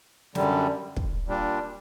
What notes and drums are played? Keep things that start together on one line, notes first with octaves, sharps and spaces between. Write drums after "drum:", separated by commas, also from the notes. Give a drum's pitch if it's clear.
F#2 D3 G3, drum: snare
drum: kick
A#2 G3 D4